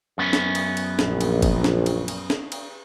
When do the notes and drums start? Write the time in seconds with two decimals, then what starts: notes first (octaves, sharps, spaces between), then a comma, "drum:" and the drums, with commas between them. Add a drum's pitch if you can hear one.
0.18 F#2 B3 C#4
0.33 drum: snare
0.55 drum: cymbal
0.77 drum: cymbal
0.99 A#1, drum: snare
1.21 drum: cymbal
1.42 drum: kick, cymbal
1.64 drum: snare
1.86 drum: cymbal
2.08 drum: cymbal
2.30 drum: snare
2.52 drum: cymbal